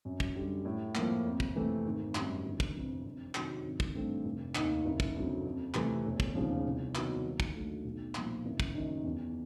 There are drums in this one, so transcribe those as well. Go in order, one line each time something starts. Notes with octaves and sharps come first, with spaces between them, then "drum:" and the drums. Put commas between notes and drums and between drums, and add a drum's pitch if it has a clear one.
F#2
drum: kick
D3 G3
A2
F3 A#3, drum: clap
F2
drum: kick
C3 E3 A3 C4
G#1
F#2 D#3 G3, drum: clap
G1
drum: kick
F2 C3 E3
F2
C3 D#3 F#3, drum: clap
G#1
drum: kick
G2 E3 A3 C4
F1
D#2 D#3, drum: clap
F#1
drum: kick
F2 D3 F#3
F2
C3 E3 A3, drum: clap
E1
drum: kick
D#2 C#3 F3
C2
C3 D#3 F#3 B3, drum: clap
D#2
drum: kick
D3 F#3 A3
B1
A#2 F3, drum: clap
F#1
drum: kick
F#2 D#3
E2